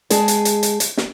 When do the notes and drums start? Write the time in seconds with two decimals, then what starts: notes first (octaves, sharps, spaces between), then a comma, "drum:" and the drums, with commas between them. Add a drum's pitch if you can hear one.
0.10 G#3 G#4 A5, drum: hi-hat
0.28 drum: hi-hat
0.45 drum: hi-hat
0.63 drum: hi-hat
0.80 drum: hi-hat
0.97 drum: snare